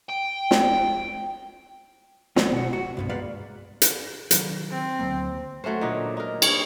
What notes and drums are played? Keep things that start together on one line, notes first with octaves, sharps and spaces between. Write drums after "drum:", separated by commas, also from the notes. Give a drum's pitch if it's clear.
G5
drum: snare
D#3 F#3 A#3 C4 D#4, drum: snare
B2 F#4
F#4
C2 G2 B2
G#3 A#3 B4 D5 F5 F#5
drum: hi-hat
D#3 F#3, drum: hi-hat
C4
D2 F#3 A#3
F#3 A3 C#4 C5
A#2 D3 D#4
D#4 A#4
G2 G#4 C#5, drum: cymbal